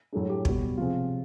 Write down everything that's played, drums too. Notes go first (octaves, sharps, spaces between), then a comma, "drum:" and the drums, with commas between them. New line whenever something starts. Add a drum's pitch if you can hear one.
A2 F#3 A3 D4 G#4
G4
B2 G3 B3 F#4, drum: kick
C3 F3 G#3 C4 F4